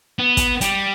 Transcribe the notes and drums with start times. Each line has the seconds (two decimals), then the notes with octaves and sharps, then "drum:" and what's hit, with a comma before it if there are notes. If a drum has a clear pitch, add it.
0.19 B3
0.37 drum: kick, hi-hat
0.61 G3, drum: hi-hat